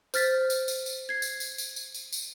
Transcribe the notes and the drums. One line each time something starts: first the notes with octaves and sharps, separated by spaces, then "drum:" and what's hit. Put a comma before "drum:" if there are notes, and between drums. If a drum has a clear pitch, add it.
C5 F6 A6 B6, drum: tambourine
drum: tambourine
drum: tambourine
drum: tambourine
G#6 C7
drum: tambourine
drum: tambourine
drum: tambourine
drum: tambourine
drum: tambourine
drum: tambourine